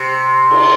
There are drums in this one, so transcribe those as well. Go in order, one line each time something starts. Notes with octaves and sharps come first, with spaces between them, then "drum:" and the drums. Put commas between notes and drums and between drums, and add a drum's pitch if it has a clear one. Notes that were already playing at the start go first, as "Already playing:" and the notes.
Already playing: C3
drum: cymbal